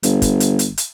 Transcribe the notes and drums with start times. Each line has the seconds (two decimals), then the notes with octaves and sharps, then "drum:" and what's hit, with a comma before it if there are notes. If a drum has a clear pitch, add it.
0.03 G1, drum: hi-hat
0.22 drum: kick, hi-hat
0.40 drum: hi-hat
0.59 drum: hi-hat
0.77 drum: hi-hat